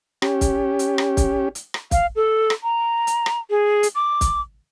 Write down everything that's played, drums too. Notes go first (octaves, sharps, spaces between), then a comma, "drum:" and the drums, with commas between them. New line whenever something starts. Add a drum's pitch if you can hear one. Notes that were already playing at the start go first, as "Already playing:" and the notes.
C#4 G4, drum: rim click
drum: kick, hi-hat
drum: hi-hat
drum: rim click
drum: kick, hi-hat
drum: hi-hat
drum: rim click
F5, drum: kick, hi-hat
A4
drum: rim click
A#5
drum: hi-hat
drum: rim click
G#4
drum: hi-hat
D6
drum: kick, hi-hat